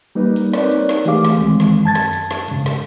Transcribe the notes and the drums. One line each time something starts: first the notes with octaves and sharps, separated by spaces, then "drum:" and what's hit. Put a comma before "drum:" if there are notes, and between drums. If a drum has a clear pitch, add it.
G3 A#3 D#4 B4
drum: hi-hat
C4 D#4 A#4 B4 C#5 D5, drum: snare
drum: hi-hat
drum: snare
E3 A3 G4 G#4 F5 D6, drum: hi-hat
drum: snare
C2 D#3 E3 G#3 C4
drum: snare
F#2 A5 G#6 A6
drum: snare
drum: hi-hat
drum: snare
G#2 C#3, drum: hi-hat
drum: snare